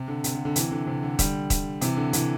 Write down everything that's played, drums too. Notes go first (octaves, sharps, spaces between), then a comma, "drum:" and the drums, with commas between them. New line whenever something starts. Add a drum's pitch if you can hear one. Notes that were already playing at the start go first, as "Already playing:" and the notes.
Already playing: C3
D3
C3, drum: hi-hat
D3
D3
C3 E3, drum: hi-hat
D3
C3
D3
D3 G3, drum: kick D#1, hi-hat
drum: kick D#1, hi-hat
C3 E3, drum: hi-hat
D3
C3 E3, drum: hi-hat